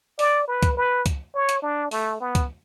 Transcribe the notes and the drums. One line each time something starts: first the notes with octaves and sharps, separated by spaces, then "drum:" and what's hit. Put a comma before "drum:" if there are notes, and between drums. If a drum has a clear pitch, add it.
D5, drum: open hi-hat
B4
drum: kick C#2, hi-hat
B4
drum: kick C#2, hi-hat
C#5
drum: hi-hat
D4
A3, drum: open hi-hat
B3
drum: kick C#2, hi-hat